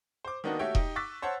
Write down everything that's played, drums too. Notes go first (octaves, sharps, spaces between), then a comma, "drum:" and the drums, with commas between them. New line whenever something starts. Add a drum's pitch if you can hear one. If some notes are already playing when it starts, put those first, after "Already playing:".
C5 D6
D#3 A#3 B3 D4 D#4 F#4
A3 F#4 G4 C#5 E5 G5
D#4 G4, drum: kick E1
C#6 D6 E6 F#6 A6 B6
C5 C#5 F#5 A5